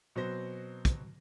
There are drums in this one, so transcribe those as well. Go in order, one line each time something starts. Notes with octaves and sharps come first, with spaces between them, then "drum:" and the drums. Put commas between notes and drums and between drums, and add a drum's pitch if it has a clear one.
B2 F#3 C4 C5 A#6
drum: kick, hi-hat